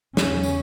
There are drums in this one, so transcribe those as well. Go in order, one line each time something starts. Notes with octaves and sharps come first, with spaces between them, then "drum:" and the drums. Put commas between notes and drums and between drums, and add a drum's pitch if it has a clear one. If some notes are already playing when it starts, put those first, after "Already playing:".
E2 C#3 C#4, drum: snare
drum: tambourine